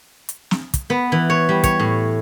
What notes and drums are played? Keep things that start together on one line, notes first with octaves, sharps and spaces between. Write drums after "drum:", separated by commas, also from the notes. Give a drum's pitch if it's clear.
drum: hi-hat
drum: snare
drum: kick, hi-hat
B3
E3
C#5
G3
C#5, drum: kick, hi-hat
A2